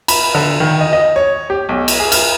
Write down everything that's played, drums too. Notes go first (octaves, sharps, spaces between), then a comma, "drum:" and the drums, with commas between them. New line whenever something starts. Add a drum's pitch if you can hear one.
B5, drum: cymbal
D3
D#3
D#5
D#5
C#5
G4
B1
drum: cymbal
G#4
F6, drum: cymbal